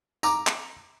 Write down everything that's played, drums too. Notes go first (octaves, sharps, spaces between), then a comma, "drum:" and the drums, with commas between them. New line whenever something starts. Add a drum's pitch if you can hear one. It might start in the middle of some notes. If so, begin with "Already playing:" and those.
A#5 D6, drum: tambourine
drum: clap